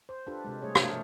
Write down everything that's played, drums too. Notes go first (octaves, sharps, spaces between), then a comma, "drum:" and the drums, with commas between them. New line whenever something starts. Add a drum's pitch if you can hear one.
C5
D4 F4 G4 A4 B4
C3 G#3
G3 A3 G#4 C#5
B2 A3 D4 A#4 C5 C#5, drum: rim click